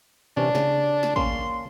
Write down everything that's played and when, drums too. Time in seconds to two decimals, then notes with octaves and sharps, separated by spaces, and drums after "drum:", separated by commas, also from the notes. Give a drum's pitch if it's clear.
0.37 C3 E3 C#4 D4
0.55 C#3, drum: snare
1.03 drum: snare
1.16 A#3 C#4 C6, drum: kick